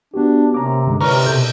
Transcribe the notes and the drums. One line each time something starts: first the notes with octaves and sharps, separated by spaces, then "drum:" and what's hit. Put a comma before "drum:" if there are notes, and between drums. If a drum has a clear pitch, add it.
B3 D4 F#4 G4
C3 A#3 C#4 A#5 D6
G2 D3 G#3
C3 B4 C#5 A#5 C#6 F6, drum: cymbal
B2 A4 G6